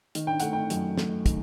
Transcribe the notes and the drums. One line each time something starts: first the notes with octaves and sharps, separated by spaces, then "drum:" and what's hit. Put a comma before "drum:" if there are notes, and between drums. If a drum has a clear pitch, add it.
D#3, drum: hi-hat
G5
A3 F#5, drum: hi-hat
G5
F#2, drum: hi-hat
A3, drum: snare
D#3, drum: kick, hi-hat